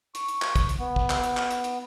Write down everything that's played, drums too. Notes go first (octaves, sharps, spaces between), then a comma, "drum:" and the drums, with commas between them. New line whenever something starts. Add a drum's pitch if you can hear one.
C#6, drum: hi-hat
drum: hi-hat
drum: clap
drum: kick, hi-hat
drum: hi-hat
B3
drum: kick
drum: clap
drum: hi-hat
drum: clap
drum: hi-hat
drum: hi-hat